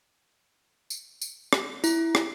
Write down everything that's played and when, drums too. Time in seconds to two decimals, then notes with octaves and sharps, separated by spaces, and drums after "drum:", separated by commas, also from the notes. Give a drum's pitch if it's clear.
0.90 drum: tambourine
1.21 drum: tambourine
1.53 drum: rim click
1.84 E4, drum: tambourine
2.15 drum: rim click